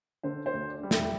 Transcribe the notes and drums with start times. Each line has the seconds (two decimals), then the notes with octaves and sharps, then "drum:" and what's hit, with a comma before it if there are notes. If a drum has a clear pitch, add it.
0.23 D3 C5
0.46 C5
0.53 D2
0.69 D5
0.83 G3
0.91 E5, drum: snare